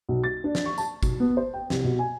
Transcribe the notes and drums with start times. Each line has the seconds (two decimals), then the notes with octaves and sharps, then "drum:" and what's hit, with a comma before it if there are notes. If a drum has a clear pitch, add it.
0.09 B1
0.24 A6
0.44 D4
0.55 drum: snare
0.66 C#6
0.78 A5, drum: tambourine
1.03 B1, drum: kick, tambourine
1.20 B3
1.37 C5
1.54 G5
1.70 C2, drum: snare
1.84 B2
1.99 G#5